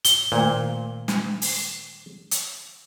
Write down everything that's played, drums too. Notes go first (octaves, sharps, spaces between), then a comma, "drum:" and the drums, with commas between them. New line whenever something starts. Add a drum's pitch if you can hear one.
G7, drum: hi-hat
A#2 D#3 A3 F5
drum: snare
drum: open hi-hat
drum: hi-hat